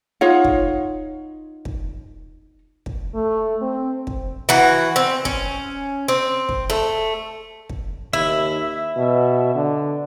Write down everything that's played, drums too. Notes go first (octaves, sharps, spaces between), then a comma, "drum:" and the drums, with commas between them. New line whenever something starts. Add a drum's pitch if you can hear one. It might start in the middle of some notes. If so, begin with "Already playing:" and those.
D#4 F4 C#5 F#5
drum: kick
drum: kick
drum: kick
A3
C4
drum: kick
E3 F#4
C4
C#4, drum: kick
C4
drum: kick
A3
drum: kick
D#2 E4 E5
B2
D3